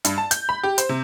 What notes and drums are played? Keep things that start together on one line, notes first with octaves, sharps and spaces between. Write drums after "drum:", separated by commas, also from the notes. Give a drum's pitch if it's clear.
G2, drum: hi-hat
A5
G6, drum: hi-hat
B5
G4
C5, drum: hi-hat
C3